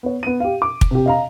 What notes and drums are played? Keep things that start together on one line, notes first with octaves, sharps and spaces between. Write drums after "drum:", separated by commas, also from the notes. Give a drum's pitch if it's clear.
B3 C#5
B3 D#7
G4 F5
D6
drum: kick
C3 G4
D#5 F5 A#5